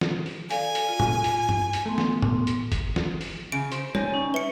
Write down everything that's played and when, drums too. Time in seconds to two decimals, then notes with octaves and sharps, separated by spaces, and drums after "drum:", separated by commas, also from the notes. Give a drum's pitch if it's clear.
0.01 drum: snare
0.26 drum: open hi-hat
0.51 A4 D5 F5 G#5, drum: hi-hat
0.75 drum: hi-hat
0.88 F4
1.00 drum: tom A2
1.24 drum: hi-hat
1.49 drum: tom G2
1.73 drum: hi-hat
1.86 A3 B3 C6
1.98 drum: snare
2.22 drum: tom A2
2.47 drum: hi-hat
2.72 drum: kick, hi-hat
2.96 drum: snare
3.21 drum: open hi-hat
3.52 C#3 D7
3.72 C5, drum: hi-hat
3.95 G3 D#4 C#5 G#5, drum: tom G3
4.14 C#4
4.34 B4 E5 C#7